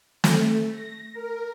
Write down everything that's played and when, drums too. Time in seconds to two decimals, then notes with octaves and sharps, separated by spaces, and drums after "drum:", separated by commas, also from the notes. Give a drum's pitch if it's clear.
0.24 A3, drum: snare
0.71 A#6
1.14 A#4